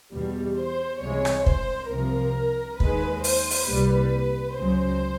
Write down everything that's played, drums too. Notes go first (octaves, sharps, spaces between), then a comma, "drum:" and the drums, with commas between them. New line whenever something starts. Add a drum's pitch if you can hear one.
E2 B2 G3
C5
C2 C3 E3 G#3 C#5
drum: rim click
C5, drum: kick
C2 C3 F3 A#4
D#2 D#3 G#3 B4, drum: kick
C5, drum: open hi-hat
drum: open hi-hat
C2 A#2 G3 B4
C#2 C#3 F#3 C5